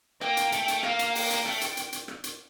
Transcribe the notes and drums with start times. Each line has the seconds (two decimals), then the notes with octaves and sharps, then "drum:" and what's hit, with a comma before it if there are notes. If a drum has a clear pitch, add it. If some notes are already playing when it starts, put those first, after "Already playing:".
0.21 A#3 G5, drum: rim click
0.37 drum: hi-hat
0.52 A3, drum: hi-hat
0.68 drum: hi-hat
0.83 A#3 F5, drum: rim click
0.99 drum: hi-hat
1.15 G5, drum: open hi-hat
1.30 drum: hi-hat
1.46 A3, drum: rim click
1.61 drum: hi-hat
1.77 drum: hi-hat
1.93 drum: hi-hat
2.08 drum: rim click
2.24 drum: hi-hat